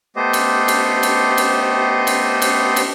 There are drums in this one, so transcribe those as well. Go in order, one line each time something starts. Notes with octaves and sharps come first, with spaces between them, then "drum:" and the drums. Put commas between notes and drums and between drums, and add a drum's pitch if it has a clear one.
A3 B3 G4 C5 D#5
drum: cymbal
drum: cymbal
drum: cymbal
drum: cymbal
drum: cymbal
drum: cymbal
drum: cymbal